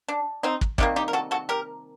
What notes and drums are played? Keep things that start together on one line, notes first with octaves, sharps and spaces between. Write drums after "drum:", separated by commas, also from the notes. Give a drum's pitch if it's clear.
D4
C4 D#4
drum: kick
C3 D#3 G3 A#3 G4, drum: kick
D#4 G4
A#4
F#4 A4
F#4 A4
G4 A#4